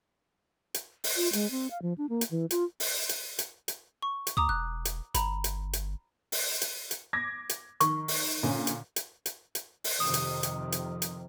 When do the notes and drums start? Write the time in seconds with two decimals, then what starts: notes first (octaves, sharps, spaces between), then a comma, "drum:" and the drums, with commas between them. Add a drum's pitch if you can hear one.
0.74 drum: hi-hat
1.04 drum: open hi-hat
1.16 F4
1.33 G#3, drum: hi-hat
1.51 C4
1.71 F5
1.82 F3
1.98 D4
2.09 A#3
2.21 drum: hi-hat
2.31 E3
2.51 F4, drum: hi-hat
2.80 drum: open hi-hat
3.09 drum: hi-hat
3.39 drum: hi-hat
3.68 drum: hi-hat
4.02 C#6
4.27 drum: hi-hat
4.37 D2 A#5 D6 D#6
4.49 E1 F#6
4.85 drum: hi-hat
5.14 G1 A#5 B5, drum: hi-hat
5.44 drum: hi-hat
5.73 drum: hi-hat
6.32 drum: open hi-hat
6.61 drum: hi-hat
6.91 drum: hi-hat
7.13 D6 G#6 A#6
7.49 drum: hi-hat
7.80 D#3 C#6, drum: hi-hat
8.08 drum: open hi-hat
8.43 A#2 D3 C#4
8.67 drum: hi-hat
8.96 drum: hi-hat
9.26 drum: hi-hat
9.55 drum: hi-hat
9.84 drum: open hi-hat
10.00 F2 C3 D#3 D#6
10.14 drum: hi-hat
10.43 drum: hi-hat
10.72 drum: hi-hat
11.02 drum: hi-hat